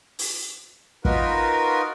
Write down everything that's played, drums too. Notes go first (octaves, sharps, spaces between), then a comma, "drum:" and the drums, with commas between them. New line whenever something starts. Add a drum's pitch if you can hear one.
drum: open hi-hat
D#4 F4 F#4 A#4 B4, drum: kick